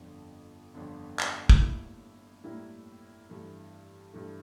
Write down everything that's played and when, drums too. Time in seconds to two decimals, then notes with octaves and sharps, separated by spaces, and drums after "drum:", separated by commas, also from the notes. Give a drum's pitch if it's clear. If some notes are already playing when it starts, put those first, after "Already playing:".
Already playing: G1 F2 D3
0.75 G1 F2 D3
1.20 drum: clap
1.49 drum: kick
1.60 A2 G3 A#3 E4
2.44 A2 G3 A#3 E4
3.29 G2 E3 A3
4.13 G2 E3 A3